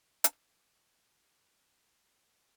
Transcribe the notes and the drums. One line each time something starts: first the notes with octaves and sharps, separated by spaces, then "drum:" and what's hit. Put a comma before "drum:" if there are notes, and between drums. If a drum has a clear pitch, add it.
D6 G6, drum: hi-hat